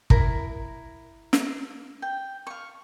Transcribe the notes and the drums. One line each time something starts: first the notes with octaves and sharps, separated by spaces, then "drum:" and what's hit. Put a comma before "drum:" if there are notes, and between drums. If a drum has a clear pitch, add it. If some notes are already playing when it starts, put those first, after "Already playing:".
E4 A#4 A#5, drum: kick
drum: snare
G5
F5 C#6